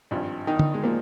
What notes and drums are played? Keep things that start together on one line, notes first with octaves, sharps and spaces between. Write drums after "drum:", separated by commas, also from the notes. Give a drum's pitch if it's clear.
G#1 G2 F3
D#3 D#4
drum: tom D3
G#3
A#2 F3 A#3